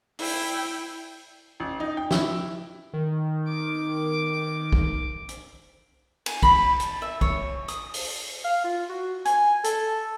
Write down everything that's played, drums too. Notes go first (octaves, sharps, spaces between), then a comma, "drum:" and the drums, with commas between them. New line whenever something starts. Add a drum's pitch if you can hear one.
E4 G5, drum: open hi-hat
A1
D#4
G5
E4, drum: snare
D#3
D6
drum: kick
drum: hi-hat
G#5, drum: cymbal
B5, drum: kick
A5, drum: hi-hat
E5
C#5, drum: kick
D#6, drum: hi-hat
drum: open hi-hat
F5
F4
F#4
G#5, drum: hi-hat
A4, drum: hi-hat